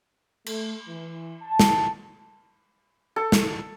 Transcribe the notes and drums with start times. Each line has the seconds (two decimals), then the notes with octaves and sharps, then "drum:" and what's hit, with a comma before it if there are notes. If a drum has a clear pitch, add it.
0.46 A3, drum: cymbal
0.88 E3
1.42 A5
1.60 drum: snare
3.16 A4
3.32 drum: snare